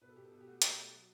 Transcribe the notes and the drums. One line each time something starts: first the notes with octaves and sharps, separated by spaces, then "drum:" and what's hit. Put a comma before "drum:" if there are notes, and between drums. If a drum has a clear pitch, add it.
B2 B4
A4
B2 G4
A4
B2
G4
A3 F#4
A3, drum: hi-hat
A3
F#3